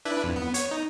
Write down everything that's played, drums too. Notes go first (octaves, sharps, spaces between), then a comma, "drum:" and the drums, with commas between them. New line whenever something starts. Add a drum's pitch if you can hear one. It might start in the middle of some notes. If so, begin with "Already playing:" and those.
D4 E4 B4
F2
B3
C#5, drum: hi-hat
D#4